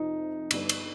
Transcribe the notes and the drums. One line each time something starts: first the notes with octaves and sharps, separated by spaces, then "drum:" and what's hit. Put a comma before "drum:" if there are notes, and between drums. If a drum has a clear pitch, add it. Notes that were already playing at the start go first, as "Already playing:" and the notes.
Already playing: F2 C3 F3 D#4
G2 D3 G3 B3, drum: cymbal
drum: cymbal